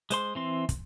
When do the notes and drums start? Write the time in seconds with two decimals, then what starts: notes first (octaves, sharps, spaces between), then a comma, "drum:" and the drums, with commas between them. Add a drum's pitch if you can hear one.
0.10 G#3 C5 C6, drum: hi-hat
0.35 E3 C4 C6
0.69 drum: kick, hi-hat